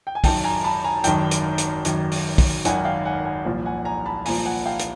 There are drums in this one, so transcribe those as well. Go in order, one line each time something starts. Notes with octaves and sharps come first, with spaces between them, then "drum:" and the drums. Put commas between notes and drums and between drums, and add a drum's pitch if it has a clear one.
G5
G#5
G#1 F#2 D#3 G5 A5, drum: kick, open hi-hat
G#5 A#5
A5 B5
G#5 A#5
G#1 F#2 D#3 G5 A5, drum: hi-hat
drum: hi-hat
drum: hi-hat
G#1 F#2 D#3, drum: hi-hat
drum: open hi-hat
drum: kick, open hi-hat
G#1 F#2 D#3 F#5 G#5, drum: hi-hat
F5 G5
F#5 G#5
F#5 G#5
C2 A#2 F3
F#5 G#5
G#5 A#5
A5 B5
C2 A#2 F3 G#5 A#5, drum: open hi-hat
F#5 G#5
F5 G5
drum: hi-hat